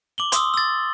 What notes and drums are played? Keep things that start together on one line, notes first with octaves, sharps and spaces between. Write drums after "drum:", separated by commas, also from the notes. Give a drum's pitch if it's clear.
D6 F#7 G7
C6 D#6 E6, drum: hi-hat
E6 A6